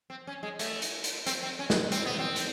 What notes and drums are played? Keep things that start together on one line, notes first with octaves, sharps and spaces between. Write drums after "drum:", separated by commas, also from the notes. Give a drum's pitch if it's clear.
C4
C#4
G#3
A3, drum: hi-hat
drum: hi-hat
drum: hi-hat
C4, drum: hi-hat
C4
C#4
drum: snare
C4, drum: hi-hat
B3
C4
drum: hi-hat